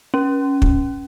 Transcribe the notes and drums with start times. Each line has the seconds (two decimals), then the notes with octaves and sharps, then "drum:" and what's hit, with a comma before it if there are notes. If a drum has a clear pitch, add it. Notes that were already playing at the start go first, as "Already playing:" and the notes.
0.14 C#4
0.62 drum: kick